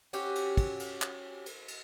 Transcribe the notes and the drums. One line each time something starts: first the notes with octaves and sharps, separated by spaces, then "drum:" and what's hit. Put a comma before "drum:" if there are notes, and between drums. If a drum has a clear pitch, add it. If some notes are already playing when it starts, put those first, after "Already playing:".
C#4 F#4 G4, drum: cymbal
drum: cymbal
drum: kick, cymbal
drum: cymbal
drum: clap
drum: cymbal
drum: cymbal